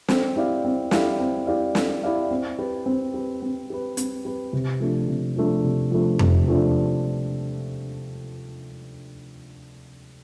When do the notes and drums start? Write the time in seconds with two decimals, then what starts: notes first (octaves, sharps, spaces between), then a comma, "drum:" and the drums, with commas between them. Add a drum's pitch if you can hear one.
0.08 C4, drum: snare
0.36 E4 G4 D5 F5
0.64 C4
0.91 E4 G4 D5 F5, drum: snare
1.20 C4
1.47 E4 G4 D5 F5
1.75 C4, drum: snare
2.03 E4 G4 D5 F5
2.31 C4
2.59 G4 B4
2.86 C4
3.14 G4 B4
3.42 C4
3.70 G4 B4
3.97 C4, drum: hi-hat
4.25 G4 B4
4.53 C3
4.80 F3 A3 D4
5.08 C3
5.36 F3 A3 D4
5.64 C3
5.91 F3 A3 D4
6.19 C3, drum: tom F2
6.48 F3 A3 D4